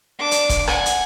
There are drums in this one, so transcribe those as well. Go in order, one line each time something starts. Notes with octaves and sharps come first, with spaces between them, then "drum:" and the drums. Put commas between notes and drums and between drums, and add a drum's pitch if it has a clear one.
D4 D6
drum: hi-hat
drum: kick, hi-hat
F#5 G#5, drum: rim click
drum: hi-hat